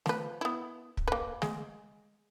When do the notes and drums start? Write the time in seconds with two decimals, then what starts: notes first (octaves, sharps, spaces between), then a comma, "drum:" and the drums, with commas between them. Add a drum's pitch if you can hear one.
0.06 F3 B4, drum: snare A3
0.41 B3 E4
0.97 drum: kick
1.08 A#3 B4
1.42 G#3, drum: snare A3